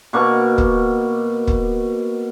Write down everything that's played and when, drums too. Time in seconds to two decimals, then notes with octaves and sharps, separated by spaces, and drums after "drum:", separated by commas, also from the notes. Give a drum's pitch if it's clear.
0.13 B2 A#3 C#6 D6
0.58 drum: kick
1.47 drum: kick